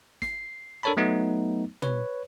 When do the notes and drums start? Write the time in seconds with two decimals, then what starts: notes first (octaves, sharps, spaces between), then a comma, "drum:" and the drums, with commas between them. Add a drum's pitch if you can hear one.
0.22 C7, drum: snare
0.83 D4 A4 A#4 C#5 A5 B5
0.97 F#3 A3 B3 D#4
1.82 B4 C#5, drum: tom